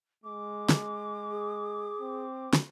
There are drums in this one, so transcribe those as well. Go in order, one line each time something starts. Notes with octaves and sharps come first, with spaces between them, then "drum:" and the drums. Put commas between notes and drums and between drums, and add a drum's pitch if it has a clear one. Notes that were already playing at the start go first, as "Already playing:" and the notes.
G#3 D6
drum: snare
G#4
C4
drum: snare